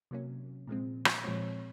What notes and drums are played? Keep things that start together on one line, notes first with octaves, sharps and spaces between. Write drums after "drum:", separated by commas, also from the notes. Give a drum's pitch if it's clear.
C3 F#3 A#3 C#4
A#2 F3 G#3 C4
drum: rim click
A#2 F3 G#3 C4 C#5